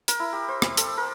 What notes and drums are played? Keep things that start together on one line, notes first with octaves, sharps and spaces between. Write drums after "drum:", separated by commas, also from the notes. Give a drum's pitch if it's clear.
A#4, drum: hi-hat
E4
G4
C5
G4, drum: rim click
A4, drum: hi-hat
A#4